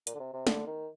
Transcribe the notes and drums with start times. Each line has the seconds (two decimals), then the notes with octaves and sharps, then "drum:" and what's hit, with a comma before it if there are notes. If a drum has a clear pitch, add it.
0.07 A#2, drum: hi-hat
0.15 D3
0.20 C3
0.33 C3
0.47 D3, drum: snare
0.67 D#3